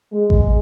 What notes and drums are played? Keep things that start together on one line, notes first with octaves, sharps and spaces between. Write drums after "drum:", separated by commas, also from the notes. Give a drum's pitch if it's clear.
G#3
drum: kick A1